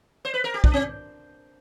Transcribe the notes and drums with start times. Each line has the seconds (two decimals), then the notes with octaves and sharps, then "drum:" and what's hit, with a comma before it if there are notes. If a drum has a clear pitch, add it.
0.25 C5
0.34 B4
0.44 A#4
0.54 G4
0.64 D4, drum: kick
0.74 C4